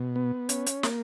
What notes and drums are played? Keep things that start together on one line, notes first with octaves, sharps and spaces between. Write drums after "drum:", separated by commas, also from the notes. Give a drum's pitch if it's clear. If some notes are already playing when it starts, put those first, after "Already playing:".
Already playing: B2
B3
C#4, drum: hi-hat
drum: hi-hat
A#3, drum: snare